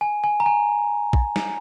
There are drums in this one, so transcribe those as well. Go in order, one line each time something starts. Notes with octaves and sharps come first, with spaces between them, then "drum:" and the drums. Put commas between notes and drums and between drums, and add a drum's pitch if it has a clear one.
G#5
G#5
A#5
G#5
drum: kick
drum: snare